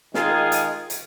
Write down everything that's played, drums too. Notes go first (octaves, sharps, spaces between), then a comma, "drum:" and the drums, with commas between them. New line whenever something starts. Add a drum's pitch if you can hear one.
D#3 G#3 F4 G#4, drum: snare
drum: hi-hat
drum: hi-hat